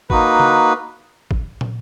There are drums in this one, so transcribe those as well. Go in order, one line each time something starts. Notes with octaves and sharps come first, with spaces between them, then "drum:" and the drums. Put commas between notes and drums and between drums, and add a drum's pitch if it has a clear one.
A#3 D#4 F#4 B4, drum: kick
drum: tom C#3
drum: kick
drum: tom